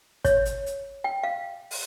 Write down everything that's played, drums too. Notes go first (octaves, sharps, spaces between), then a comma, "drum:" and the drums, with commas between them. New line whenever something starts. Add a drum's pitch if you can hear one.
C#5, drum: kick, hi-hat
drum: hi-hat
drum: hi-hat
G5
F5
drum: open hi-hat